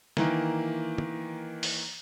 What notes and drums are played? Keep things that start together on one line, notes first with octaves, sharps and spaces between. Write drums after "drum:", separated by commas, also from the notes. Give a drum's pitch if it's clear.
D#3 E3 A#3, drum: snare
drum: tom
drum: open hi-hat